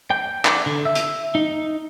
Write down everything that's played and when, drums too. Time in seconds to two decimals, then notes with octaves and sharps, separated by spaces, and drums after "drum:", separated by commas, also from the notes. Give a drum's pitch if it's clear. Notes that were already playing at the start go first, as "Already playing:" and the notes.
0.10 G5
0.45 D5, drum: clap
0.66 D3
0.85 E5
0.95 drum: hi-hat
1.35 D#4